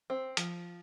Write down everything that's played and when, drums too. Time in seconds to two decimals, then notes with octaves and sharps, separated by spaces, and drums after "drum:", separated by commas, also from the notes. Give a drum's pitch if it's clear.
0.10 C4
0.37 F3, drum: hi-hat